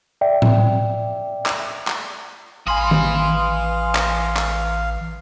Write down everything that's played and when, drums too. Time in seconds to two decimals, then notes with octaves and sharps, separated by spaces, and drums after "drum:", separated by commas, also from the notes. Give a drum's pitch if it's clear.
0.21 D5 E5 G5
0.42 drum: tom A2
1.46 drum: clap
1.87 drum: clap
2.67 A1 E3 F5 G#5 B5 C6 D#6
2.91 drum: tom D#3
3.95 drum: clap
4.37 drum: clap